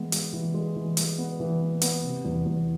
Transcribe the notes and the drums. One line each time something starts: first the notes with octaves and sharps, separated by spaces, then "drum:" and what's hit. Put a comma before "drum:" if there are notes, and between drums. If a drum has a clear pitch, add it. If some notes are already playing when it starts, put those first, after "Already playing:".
Already playing: E3 G#3 B3
G#3, drum: hi-hat
E3
G#3
E3
G#3, drum: hi-hat
B3
E3
B3
B3, drum: hi-hat
C3
E2
E2